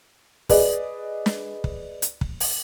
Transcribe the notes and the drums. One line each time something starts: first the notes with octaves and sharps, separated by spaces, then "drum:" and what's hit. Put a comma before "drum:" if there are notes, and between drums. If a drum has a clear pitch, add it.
G#4 B4 D5 D#5, drum: kick, open hi-hat
drum: snare
drum: kick
drum: hi-hat
drum: kick
drum: open hi-hat